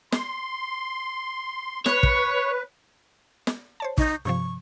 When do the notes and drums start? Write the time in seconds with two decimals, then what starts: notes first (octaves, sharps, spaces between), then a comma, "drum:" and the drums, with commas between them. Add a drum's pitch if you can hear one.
0.12 C6, drum: snare
1.86 B4 C#5, drum: snare
2.03 drum: kick
3.47 drum: snare
3.80 C5 C#5 A5
3.98 D#4 C#6 G6, drum: kick
4.25 G2 C3 F3 C#6